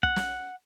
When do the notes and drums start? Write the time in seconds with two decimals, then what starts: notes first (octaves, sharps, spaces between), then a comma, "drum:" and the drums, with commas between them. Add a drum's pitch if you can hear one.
0.03 F#5, drum: kick
0.16 drum: snare